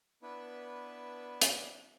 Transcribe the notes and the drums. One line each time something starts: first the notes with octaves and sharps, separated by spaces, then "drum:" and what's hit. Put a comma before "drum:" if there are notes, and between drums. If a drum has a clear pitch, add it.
B3 D4 E4 B4
drum: hi-hat